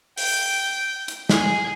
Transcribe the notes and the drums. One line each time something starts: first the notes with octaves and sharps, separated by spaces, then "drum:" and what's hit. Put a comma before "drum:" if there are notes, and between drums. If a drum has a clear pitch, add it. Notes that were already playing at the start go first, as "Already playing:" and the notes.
G5, drum: open hi-hat
drum: hi-hat
G#4, drum: snare